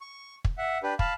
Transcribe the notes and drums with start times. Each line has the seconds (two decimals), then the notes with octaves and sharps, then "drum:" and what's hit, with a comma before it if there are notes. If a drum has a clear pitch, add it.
0.01 C#6
0.45 drum: kick
0.58 E5 F#5
0.83 D4 G4 B4
0.99 F5 A5 B5, drum: kick